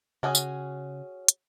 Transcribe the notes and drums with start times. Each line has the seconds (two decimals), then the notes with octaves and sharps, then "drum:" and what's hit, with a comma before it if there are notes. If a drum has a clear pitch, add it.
0.23 C#3 C#4 F#4 G#4
0.35 drum: tambourine
1.28 drum: hi-hat